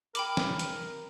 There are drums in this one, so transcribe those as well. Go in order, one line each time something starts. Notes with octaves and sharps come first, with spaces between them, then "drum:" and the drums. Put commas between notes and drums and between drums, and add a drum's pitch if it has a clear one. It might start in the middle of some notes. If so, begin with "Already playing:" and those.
A#4 G5 B5 D6, drum: hi-hat
drum: snare
drum: hi-hat